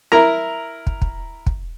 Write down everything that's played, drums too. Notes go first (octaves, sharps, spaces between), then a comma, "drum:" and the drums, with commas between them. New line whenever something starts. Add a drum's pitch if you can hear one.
E4 A#4 A#5
drum: kick
drum: kick
drum: kick